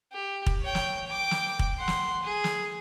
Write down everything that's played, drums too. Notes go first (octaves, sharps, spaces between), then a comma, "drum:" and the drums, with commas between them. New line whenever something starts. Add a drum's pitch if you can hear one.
G4
drum: kick
C#5 G5
drum: snare
G5 D6
drum: snare
drum: kick
F#5 C6
drum: snare
G#4
drum: snare